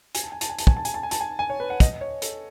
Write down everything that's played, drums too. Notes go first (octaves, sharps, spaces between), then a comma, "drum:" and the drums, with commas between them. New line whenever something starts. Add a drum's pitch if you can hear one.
G#5, drum: hi-hat
A5
G#5
A5, drum: hi-hat
G#5
A5, drum: hi-hat
G#5, drum: kick
A5
G#5, drum: hi-hat
A5
G#5
A5, drum: hi-hat
G#5
G#5
C#5
B4
F#5
D#5, drum: kick, hi-hat
C#5
A4, drum: hi-hat